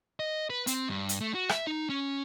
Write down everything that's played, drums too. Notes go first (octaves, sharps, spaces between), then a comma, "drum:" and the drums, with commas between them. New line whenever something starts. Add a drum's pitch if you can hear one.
D#5
B4
C4, drum: hi-hat
G2
drum: hi-hat
A3
F#4
E5, drum: rim click
D#4
C#4